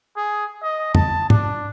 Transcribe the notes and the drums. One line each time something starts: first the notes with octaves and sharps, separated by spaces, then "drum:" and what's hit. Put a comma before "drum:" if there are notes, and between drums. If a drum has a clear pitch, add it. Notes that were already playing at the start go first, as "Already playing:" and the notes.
G#4
D#5
A5, drum: tom
D4, drum: tom